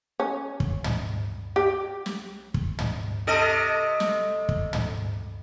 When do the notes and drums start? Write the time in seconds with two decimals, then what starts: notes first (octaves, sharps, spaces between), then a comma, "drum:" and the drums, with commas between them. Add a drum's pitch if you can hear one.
0.20 C#4
0.60 drum: kick
0.84 drum: tom
1.56 G4
2.06 drum: snare
2.54 drum: kick
2.79 drum: tom
3.27 C3 A4 D#5
4.00 drum: snare
4.49 drum: kick
4.73 drum: tom